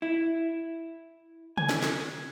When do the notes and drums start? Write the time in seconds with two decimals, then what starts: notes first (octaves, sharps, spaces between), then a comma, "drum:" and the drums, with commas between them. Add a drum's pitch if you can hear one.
0.02 E4
1.58 G#5, drum: tom
1.69 drum: snare
1.83 drum: snare